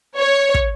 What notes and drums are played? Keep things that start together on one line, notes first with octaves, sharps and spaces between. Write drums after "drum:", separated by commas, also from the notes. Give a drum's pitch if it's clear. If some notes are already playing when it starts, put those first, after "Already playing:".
C#5
drum: kick